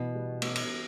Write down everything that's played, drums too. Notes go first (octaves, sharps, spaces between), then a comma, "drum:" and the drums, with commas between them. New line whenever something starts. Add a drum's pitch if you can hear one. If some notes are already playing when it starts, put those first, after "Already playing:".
Already playing: B2 E3 B3
G3
B3, drum: cymbal
drum: cymbal